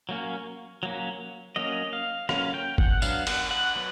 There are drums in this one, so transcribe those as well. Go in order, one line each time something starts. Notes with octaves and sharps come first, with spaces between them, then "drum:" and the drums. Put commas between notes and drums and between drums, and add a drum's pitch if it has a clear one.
F#3 A#3 C#4
F#3 A#3 C#4
F#3 A#3 C#4 D#5
F5
F#3 A#3 C#4 F5, drum: rim click
G5
F#5, drum: kick G1
F#3 B3 D4 F5, drum: tambourine
F#5, drum: cymbal
F#5
F#3 B3